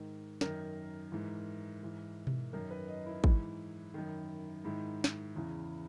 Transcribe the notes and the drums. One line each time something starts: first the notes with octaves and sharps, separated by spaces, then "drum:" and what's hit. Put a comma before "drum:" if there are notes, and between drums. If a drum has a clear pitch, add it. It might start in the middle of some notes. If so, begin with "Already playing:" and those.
Already playing: G#2 D#3 A#4
F#2 D#3 A#4, drum: snare
G#2 E3
G#2 E3
drum: tom B2
F#2 D#3 A#4
B4
D#5
E4
G#2 E3, drum: kick
F#2 D#3
G#2 D#3 E4
drum: snare
E2 C#3 E3